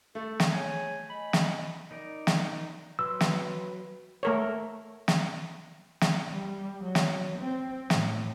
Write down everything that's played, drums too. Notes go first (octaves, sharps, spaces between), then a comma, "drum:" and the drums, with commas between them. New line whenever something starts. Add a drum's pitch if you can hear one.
A3 A4
drum: snare
G#4 C#5 G#5
D#5 G#5 B5
drum: snare
D#4 A#4 D5
drum: snare
F#3 B4 C6 E6
drum: snare
A3 A#4 C#5
drum: snare
drum: snare
G3
F#3
drum: snare
C4
A2, drum: snare